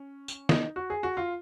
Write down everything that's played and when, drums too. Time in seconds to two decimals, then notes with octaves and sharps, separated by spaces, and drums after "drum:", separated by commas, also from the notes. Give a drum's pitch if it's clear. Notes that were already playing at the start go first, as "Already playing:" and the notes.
Already playing: C#4
0.28 drum: tambourine
0.49 D#4, drum: snare
0.76 F#4
0.90 G#4
1.03 F#4
1.17 F4